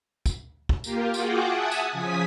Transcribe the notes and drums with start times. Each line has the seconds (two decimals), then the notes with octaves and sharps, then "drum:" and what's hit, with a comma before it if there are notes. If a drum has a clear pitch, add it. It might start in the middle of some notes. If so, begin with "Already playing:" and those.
0.26 drum: kick, tambourine
0.69 drum: kick
0.84 A#3 F4 G4 A#4, drum: tambourine
1.14 F4 F#4 G#4 F#5 G5 D6, drum: tambourine
1.48 E5 F#5 G#5 A5 D#6
1.71 drum: tambourine
1.92 C#3 F3 G#5 D#6 B6